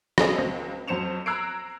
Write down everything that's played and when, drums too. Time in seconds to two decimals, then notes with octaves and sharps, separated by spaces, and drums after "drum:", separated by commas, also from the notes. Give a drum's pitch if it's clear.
0.18 F#3 C4 G#4 A4 D#5, drum: rim click
0.38 C#2 C4 A#6
0.88 F2 F#3 C5 C#7 E7 F7
1.26 A#5 E6 F#6 G#6 C7 D7